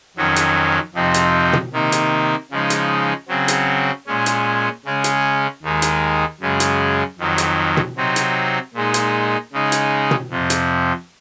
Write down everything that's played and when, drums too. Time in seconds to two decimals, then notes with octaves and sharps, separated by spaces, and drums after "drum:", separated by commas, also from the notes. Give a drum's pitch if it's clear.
0.17 F2 D#3 F#3 C#4
0.36 drum: hi-hat
0.94 F2 C3 F3 C4 D#4
1.14 drum: hi-hat
1.53 drum: tom
1.72 C3 D#3 A#3 D#4
1.92 drum: hi-hat
2.51 C#3 F3 G#3 D#4
2.70 drum: hi-hat
3.28 C#3 F#3 C4
3.48 drum: hi-hat
4.07 A#2 G#3 C#4
4.26 drum: hi-hat
4.85 C#3 G#3 C#4
5.04 drum: hi-hat
5.62 D#2 D#3 G#3
5.82 drum: hi-hat
6.40 F#2 C#3 G#3
6.60 drum: hi-hat
7.19 F2 D#3 F#3
7.38 drum: hi-hat
7.77 drum: tom
7.96 C3 F#3 C4 D#4
8.16 drum: hi-hat
8.74 A#2 G#3 D#4
8.94 drum: hi-hat
9.52 C#3 G#3 D#4
9.72 drum: hi-hat
10.11 drum: tom
10.30 F2 C3 F3
10.50 drum: hi-hat